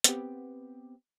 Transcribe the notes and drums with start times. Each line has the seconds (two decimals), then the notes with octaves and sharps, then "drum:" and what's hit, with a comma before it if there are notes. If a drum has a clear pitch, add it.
0.04 B3 C4 G4, drum: hi-hat